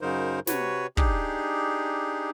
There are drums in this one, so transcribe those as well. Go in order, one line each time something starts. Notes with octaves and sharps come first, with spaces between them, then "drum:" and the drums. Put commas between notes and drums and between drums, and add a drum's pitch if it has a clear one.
F#2 C#3 F#3 D#4 A#4 C5
C3 F#4 B4 C#5, drum: snare
D4 D#4 G4 G#4, drum: kick